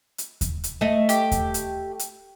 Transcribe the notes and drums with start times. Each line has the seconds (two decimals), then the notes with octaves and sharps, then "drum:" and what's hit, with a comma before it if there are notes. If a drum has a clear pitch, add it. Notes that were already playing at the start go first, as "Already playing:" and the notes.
0.18 drum: hi-hat
0.41 drum: kick D#2, hi-hat
0.64 drum: hi-hat
0.81 A3 D#5
1.09 G4, drum: hi-hat
1.32 drum: kick D#2, hi-hat
1.54 drum: hi-hat
1.99 drum: hi-hat